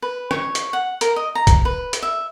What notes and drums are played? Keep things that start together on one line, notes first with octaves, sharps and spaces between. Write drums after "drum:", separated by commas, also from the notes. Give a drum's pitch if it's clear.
B4
C#5, drum: rim click
drum: hi-hat
F#5
A#4, drum: hi-hat
D#5
A#5
drum: kick, hi-hat
B4
drum: hi-hat
E5